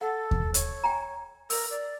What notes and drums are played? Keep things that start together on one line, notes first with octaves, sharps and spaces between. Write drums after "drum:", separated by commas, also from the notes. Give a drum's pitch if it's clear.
A4 F#5
drum: kick D#2
C#5, drum: hi-hat
G5 G#5 A#5
A#4 E6, drum: open hi-hat
D5